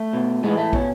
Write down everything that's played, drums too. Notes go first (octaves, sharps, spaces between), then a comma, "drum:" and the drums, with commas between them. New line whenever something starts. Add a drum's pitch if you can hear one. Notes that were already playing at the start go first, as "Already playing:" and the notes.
Already playing: A3
B2
A2 E3 G#3
A3
B2 C#4, drum: kick